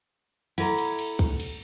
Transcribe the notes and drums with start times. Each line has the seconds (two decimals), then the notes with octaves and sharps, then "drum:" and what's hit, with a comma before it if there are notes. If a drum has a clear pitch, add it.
0.58 E4 A4 F#5 A#5, drum: cymbal
0.78 drum: cymbal
0.99 drum: cymbal
1.19 drum: kick
1.40 drum: cymbal